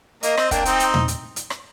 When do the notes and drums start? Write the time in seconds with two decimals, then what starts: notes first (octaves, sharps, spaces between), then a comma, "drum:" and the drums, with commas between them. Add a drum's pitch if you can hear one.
0.23 A#3 D#5, drum: hi-hat
0.37 C4, drum: rim click
0.51 A#3 D4 G5, drum: kick, hi-hat
0.65 C4 D#4, drum: hi-hat
0.80 drum: hi-hat
0.94 drum: tom
1.08 drum: hi-hat
1.36 drum: hi-hat
1.50 drum: rim click